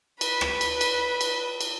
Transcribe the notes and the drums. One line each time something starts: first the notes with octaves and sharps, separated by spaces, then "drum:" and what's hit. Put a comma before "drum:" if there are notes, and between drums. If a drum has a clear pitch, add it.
B4 B5, drum: cymbal
drum: rim click
drum: cymbal
drum: cymbal
drum: cymbal
drum: cymbal